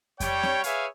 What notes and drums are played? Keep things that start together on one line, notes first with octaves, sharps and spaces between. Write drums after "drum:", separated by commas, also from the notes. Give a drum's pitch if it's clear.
G3 C#5 G5, drum: kick F2, hi-hat
drum: snare C4
G#4 B4 C#5 E5 F5 G#5, drum: hi-hat